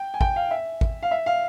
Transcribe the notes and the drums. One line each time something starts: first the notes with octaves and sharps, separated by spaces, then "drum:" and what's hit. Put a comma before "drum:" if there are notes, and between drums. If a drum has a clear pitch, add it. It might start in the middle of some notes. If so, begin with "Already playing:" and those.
Already playing: G5
G#5
G5, drum: kick
F5
E5
drum: kick
F5
E5
F5